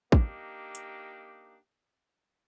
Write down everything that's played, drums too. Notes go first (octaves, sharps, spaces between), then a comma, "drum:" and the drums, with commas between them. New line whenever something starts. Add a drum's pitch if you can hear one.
A#3 D4 D#4 G4, drum: kick
drum: hi-hat